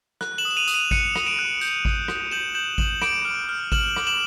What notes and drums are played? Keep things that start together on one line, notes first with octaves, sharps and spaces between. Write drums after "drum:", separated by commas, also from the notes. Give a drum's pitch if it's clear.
F#6, drum: rim click
E7 F#7
D#6
E7
D#7 F7
D#6, drum: tambourine
D#7 F7
F#6 C#7 D#7, drum: kick G#1
D#6, drum: rim click
D7 E7
F#6
G6, drum: tambourine
D#6, drum: kick G#1
D#6, drum: rim click
G6 E7 F#7
G6 E7 F#7
D#6 E7 F#7, drum: kick G#1
D6 D7 E7, drum: rim click
F6
F6
F6 E7 F#7, drum: kick G#1
D6, drum: rim click
E7 F#7